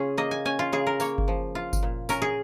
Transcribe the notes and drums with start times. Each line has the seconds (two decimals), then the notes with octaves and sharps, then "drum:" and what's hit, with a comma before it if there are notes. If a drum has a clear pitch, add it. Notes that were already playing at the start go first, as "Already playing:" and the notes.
Already playing: C#3 C#4 F4 G#4
0.18 A#3 D#5
0.31 G#5
0.45 C#4 G#5
0.59 F4
0.72 C#3 G#4
0.87 A#4
1.00 A#3 C#5, drum: tambourine
1.18 drum: kick G1
1.28 F3
1.55 F4
1.73 drum: kick G1, tambourine
1.83 A#2
2.09 C#4 A#4, drum: tambourine
2.22 G#4